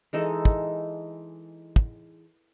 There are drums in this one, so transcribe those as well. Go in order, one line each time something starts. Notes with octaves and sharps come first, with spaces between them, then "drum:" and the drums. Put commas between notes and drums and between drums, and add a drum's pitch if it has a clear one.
E3 G#3 D#4 A4
drum: kick
drum: kick